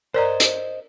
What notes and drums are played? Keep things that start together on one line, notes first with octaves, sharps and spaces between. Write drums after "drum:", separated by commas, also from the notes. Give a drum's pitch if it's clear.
A#4 C5 D5 D#5 A#5
drum: hi-hat